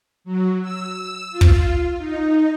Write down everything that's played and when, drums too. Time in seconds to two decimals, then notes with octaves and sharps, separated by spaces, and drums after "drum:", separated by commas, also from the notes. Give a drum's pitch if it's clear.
0.24 F#3
0.62 E6
1.31 F4
1.41 drum: kick
1.98 D#4